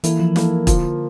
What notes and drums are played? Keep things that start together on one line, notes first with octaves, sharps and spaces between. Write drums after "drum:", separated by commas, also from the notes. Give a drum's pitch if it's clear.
E3 A#3 E4 A4, drum: hi-hat
F3
A#3 E4 A4, drum: snare
D3 F3 A#3 F4, drum: kick, hi-hat